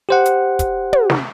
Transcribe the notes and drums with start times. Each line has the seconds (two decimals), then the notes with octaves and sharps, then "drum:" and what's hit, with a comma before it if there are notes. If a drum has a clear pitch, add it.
0.09 G4 C5 F#5
0.25 drum: hi-hat
0.59 drum: kick, hi-hat
0.93 drum: tom
1.10 drum: snare